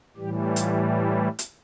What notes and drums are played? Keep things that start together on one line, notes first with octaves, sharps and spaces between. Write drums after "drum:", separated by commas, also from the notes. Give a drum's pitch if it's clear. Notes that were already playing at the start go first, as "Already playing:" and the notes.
A2 E3 G3 G4
F4, drum: hi-hat
E4
drum: hi-hat